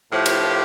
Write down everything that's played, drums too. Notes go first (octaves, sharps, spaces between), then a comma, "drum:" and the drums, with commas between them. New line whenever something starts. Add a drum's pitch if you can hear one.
A2 F3 G4
drum: cymbal